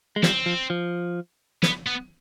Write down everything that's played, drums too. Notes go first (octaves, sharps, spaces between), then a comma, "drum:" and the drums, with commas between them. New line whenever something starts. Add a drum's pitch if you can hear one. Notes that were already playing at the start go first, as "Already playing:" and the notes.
G#3
F3 G3 C4, drum: snare
F3
F3
B3, drum: snare
B3